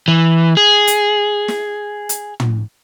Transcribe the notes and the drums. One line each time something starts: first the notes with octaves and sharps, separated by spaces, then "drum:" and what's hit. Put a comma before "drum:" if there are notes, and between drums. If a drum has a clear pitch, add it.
E3
G#4
drum: hi-hat
drum: snare
drum: hi-hat
drum: tom